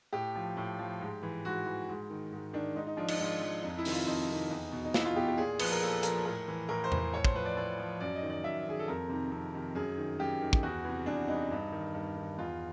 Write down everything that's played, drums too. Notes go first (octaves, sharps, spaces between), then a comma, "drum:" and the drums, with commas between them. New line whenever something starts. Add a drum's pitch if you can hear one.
A2 G4
F3
A2
F3
G#2
E3
G#2 F#4
E3
G#2
D#3
G#2
D#3 D4
G#2 D#4
D#4
F3 D4
D#4, drum: cymbal
G#2 D4
F3
F2 D#4
E4
C3 D#3, drum: open hi-hat
F4
F2 D#4
C3 D#3
E2
B2
D#4
E2 E4, drum: snare
F4
B2 G4
G4
A#2 G#4
F3 B4, drum: cymbal
A#4
A#2 A4
F3 A#4, drum: hi-hat
A2 A#4
E3
A2 A#4
C5
E3, drum: tom E2
C5
A2 C#5
C5, drum: kick
F3 B4
D5
A2 D5
F3
F#2 D5
D#5
D#3
D5
F#2 E5
D#3 G#4
A4
F2 A#4
C3 D#3
F2
C3 D#3
F#2 G#4
D#3
F#2 G4
D#3
drum: kick
E2 F#4
C3 E3
E2 D4
C3 E3 D#4
G2
D#3
G2
D#3
E2 F4